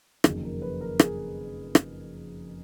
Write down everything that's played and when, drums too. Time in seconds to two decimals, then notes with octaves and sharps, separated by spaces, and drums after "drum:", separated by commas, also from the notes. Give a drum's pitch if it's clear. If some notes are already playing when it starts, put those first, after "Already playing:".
0.24 F#1 F2 D#3 F#3 G#4, drum: rim click
0.43 A#4
0.62 B4
0.81 A#4
1.00 G#4, drum: rim click
1.75 drum: rim click